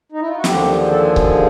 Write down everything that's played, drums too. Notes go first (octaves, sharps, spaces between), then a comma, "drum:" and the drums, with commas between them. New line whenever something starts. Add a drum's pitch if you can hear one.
D#4
E4
F4
F#4
D#2 D3 F3 G4, drum: snare
G#4
A4
G#4
drum: kick C#1